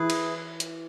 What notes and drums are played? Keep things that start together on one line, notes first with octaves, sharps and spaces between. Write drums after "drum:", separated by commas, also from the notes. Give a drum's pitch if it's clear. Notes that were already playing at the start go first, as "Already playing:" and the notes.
Already playing: E3 E4 G#4 B4
drum: cymbal
drum: hi-hat